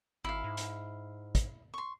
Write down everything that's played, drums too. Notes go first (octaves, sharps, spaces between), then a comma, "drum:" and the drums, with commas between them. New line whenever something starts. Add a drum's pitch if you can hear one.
G#1 E4 F5
G#2
drum: hi-hat
drum: kick, hi-hat
C6 C#6